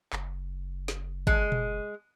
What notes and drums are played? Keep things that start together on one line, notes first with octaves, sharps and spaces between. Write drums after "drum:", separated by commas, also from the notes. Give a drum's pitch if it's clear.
F#1, drum: clap
drum: snare
G#3, drum: kick G#1
drum: tom A#2